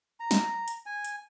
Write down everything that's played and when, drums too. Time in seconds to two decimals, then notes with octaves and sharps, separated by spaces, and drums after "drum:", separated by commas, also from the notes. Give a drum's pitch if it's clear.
0.20 A#5
0.31 drum: snare
0.68 drum: hi-hat
0.86 G#5
1.04 drum: hi-hat